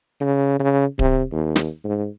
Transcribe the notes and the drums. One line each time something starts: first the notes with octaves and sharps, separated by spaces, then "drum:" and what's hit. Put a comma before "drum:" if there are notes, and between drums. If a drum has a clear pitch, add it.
C#3
C#3
C3, drum: kick D1
D#2
drum: snare
G#2